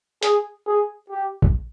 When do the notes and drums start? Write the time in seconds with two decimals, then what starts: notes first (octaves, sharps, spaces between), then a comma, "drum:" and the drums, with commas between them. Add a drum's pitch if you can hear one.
0.23 G#4, drum: hi-hat
0.67 G#4
1.10 G4
1.42 drum: kick A#1